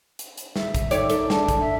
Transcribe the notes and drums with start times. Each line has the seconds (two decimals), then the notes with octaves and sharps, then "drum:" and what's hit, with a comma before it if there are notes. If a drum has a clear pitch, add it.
0.19 drum: hi-hat
0.38 drum: hi-hat
0.56 E5, drum: snare
0.75 drum: kick A#1, hi-hat
0.91 D#3 A4 C#5 D5, drum: hi-hat
1.10 D#4 A4, drum: hi-hat
1.30 D4 A5, drum: snare
1.48 drum: kick A#1, hi-hat
1.60 E5